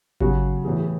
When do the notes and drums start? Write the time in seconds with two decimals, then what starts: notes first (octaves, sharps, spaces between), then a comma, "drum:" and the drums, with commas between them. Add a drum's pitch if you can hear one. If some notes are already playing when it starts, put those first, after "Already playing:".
0.20 C#3 F#3 F#4, drum: kick G#1
0.64 A2 E3 G#4
0.79 G#4